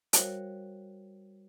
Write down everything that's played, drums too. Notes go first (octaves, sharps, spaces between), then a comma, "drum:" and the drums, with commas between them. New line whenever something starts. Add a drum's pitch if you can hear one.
G3 F#4 A#4 C5 C#5 F5, drum: hi-hat